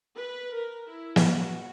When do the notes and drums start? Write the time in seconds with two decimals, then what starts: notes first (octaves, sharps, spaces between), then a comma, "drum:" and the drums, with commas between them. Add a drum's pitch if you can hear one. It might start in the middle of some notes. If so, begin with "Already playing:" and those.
0.17 B4
0.53 A#4
0.89 E4
1.16 drum: snare
1.25 F#4